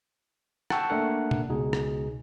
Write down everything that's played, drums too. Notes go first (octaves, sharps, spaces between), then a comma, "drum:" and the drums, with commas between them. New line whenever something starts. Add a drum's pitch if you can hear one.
F#5 G5 A5 C#6 E6, drum: rim click
A3 A#3 D4 A#4 F#5
drum: tom B2
C#2 B2 D#4 G#4
drum: rim click